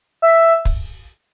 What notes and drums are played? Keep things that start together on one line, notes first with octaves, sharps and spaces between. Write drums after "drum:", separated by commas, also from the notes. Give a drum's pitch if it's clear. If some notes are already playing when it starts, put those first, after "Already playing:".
E5
drum: kick